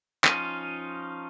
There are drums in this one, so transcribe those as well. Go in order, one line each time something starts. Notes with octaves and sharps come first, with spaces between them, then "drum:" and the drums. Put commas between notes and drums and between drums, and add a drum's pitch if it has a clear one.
F3 C#4 D#4 F4, drum: clap